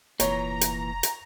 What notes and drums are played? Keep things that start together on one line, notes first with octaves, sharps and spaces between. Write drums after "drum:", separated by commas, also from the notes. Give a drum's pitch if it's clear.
F1 A#2 E3 C#5 A#5, drum: hi-hat
drum: hi-hat
drum: hi-hat